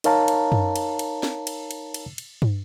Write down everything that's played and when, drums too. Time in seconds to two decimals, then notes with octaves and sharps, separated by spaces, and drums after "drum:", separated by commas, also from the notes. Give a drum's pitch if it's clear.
0.04 D#4 A#4 C#5 F5 A5 A#5, drum: cymbal
0.28 drum: cymbal
0.52 drum: tom F#2
0.76 drum: cymbal
0.99 drum: cymbal
1.23 drum: snare
1.47 drum: cymbal
1.71 drum: cymbal
1.94 drum: cymbal
2.18 drum: cymbal
2.42 drum: tom